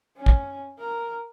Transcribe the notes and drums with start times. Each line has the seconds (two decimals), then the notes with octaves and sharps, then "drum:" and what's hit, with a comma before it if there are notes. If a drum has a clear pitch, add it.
0.17 C#4
0.26 drum: kick
0.79 A#4